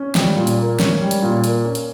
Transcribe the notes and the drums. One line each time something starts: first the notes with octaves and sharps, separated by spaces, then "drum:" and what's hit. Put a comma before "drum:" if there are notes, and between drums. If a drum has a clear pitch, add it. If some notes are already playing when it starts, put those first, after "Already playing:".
Already playing: C#4
G3, drum: snare
A#2
drum: hi-hat
A#3
C#4, drum: snare
G3
drum: hi-hat
A#2
A#3, drum: hi-hat
C#4
drum: hi-hat